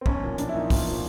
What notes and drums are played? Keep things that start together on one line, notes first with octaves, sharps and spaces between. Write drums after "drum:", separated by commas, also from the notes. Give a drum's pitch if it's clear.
C4
B1 C#4, drum: kick
A#2 F3
B1 D4, drum: hi-hat
E4
A#2 F3 D#4
B1 F4, drum: kick, open hi-hat
A#2 F3